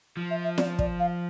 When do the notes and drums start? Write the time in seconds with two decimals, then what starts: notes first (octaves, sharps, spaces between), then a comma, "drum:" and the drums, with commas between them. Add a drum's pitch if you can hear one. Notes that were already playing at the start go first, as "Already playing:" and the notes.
0.17 F3
0.30 E5
0.44 E5
0.58 D5, drum: snare
0.79 D5, drum: kick
0.99 F5